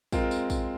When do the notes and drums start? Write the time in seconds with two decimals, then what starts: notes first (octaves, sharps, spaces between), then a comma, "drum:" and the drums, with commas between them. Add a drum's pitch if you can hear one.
0.12 G#3 C4 F4 A#4, drum: kick, tambourine
0.31 drum: tambourine
0.50 drum: kick, tambourine